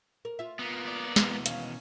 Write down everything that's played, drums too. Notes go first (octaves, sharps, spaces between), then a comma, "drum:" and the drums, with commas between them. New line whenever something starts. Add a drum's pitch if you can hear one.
A#4
F4 E5
A#3 B3
D5
B2 E3, drum: snare
D#3 C#4 F5, drum: hi-hat